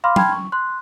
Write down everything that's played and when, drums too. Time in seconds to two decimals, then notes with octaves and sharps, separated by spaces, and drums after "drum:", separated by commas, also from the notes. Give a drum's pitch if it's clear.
0.04 F5 B5 C6 D6 F6
0.16 G5 A5 B5 C6 F6 G#6, drum: tom F#3
0.32 C#6
0.52 C6 F#6